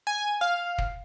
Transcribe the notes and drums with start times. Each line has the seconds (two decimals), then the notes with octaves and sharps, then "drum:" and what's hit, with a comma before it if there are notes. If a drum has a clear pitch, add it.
0.07 G#5
0.41 F5
0.78 drum: kick